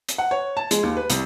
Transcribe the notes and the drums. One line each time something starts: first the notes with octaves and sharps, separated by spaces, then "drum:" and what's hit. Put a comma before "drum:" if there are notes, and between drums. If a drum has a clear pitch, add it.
drum: hi-hat
F#5
C#5
A5
G#3, drum: hi-hat
D#2
B4
C2, drum: hi-hat